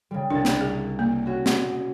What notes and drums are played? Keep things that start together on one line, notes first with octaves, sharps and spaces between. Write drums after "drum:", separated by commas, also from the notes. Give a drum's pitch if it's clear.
C#3 G3
C2 D4 A6
drum: snare
G#4
A#3
C#4 F#4
drum: snare